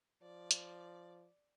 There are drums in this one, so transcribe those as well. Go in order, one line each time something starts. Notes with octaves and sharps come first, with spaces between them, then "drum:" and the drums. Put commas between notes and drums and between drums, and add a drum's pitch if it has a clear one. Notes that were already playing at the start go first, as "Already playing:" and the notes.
F3 D5
drum: hi-hat